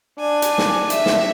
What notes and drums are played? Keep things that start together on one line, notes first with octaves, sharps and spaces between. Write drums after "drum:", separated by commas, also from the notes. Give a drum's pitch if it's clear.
D4 G#5
drum: hi-hat
drum: snare
E5, drum: hi-hat
drum: snare